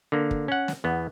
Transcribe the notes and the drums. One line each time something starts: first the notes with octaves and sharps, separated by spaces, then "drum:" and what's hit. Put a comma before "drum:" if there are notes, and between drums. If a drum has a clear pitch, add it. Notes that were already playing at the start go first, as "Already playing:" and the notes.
D3 A#3
drum: kick
C#4 F#5
drum: snare
E2 B3